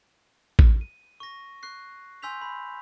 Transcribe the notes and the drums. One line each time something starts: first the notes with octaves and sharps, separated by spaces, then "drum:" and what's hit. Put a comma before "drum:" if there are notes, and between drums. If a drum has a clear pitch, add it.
drum: kick A1
D#7
C#6 A#6
C#6 F#6 C7
G#5 C6 E6 G6 B6 F7
B5